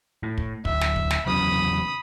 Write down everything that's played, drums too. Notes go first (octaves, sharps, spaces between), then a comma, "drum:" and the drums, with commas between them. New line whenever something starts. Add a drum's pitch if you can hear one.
A2
drum: kick
D1 E5, drum: kick
drum: snare
drum: kick
drum: snare
E2 C#3 F#3 B5 D#6